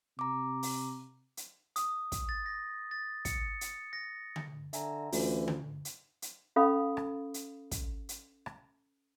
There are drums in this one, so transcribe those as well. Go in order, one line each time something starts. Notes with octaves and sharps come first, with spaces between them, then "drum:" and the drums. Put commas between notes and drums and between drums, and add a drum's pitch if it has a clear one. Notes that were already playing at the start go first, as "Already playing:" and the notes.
C3 A#5 D6
drum: open hi-hat
drum: hi-hat
D#6, drum: hi-hat
drum: kick, hi-hat
A6
A#6
A6
C#7, drum: kick, hi-hat
drum: hi-hat
A#6
drum: tom D3
D3 E5 G#5 A#5, drum: hi-hat
D2 E3 C#4 F4 F#4, drum: open hi-hat
drum: tom D3
drum: hi-hat
drum: hi-hat
C#4 A4 F5 B5 D#6
drum: rim click
drum: hi-hat
drum: kick, hi-hat
drum: hi-hat
drum: rim click